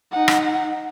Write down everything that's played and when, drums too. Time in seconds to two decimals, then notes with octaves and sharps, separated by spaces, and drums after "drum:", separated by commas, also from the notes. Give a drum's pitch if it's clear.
0.12 D#4 F#5
0.28 drum: rim click